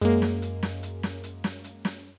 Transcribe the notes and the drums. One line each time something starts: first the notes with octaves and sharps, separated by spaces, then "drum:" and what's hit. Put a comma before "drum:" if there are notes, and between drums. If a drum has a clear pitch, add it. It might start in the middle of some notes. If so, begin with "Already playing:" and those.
F#2 G#3 A#3, drum: hi-hat
drum: snare
drum: hi-hat
drum: snare
drum: hi-hat
drum: snare
drum: hi-hat
drum: snare
drum: hi-hat
drum: snare